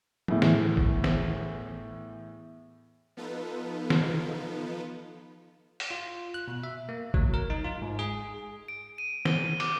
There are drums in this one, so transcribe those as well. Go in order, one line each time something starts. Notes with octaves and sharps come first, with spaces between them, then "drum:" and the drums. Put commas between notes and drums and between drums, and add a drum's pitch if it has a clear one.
E2 A2 E3, drum: tom F3
drum: snare
drum: kick G1
drum: snare
F3 B3 D#4 F4 A4 B4
drum: snare
drum: open hi-hat
F4
F#6
B2
E5
A#3
F#3, drum: kick G1
A#4
D#4
F4
G#2
G#4
D7
D#7
G7, drum: snare
D6, drum: cymbal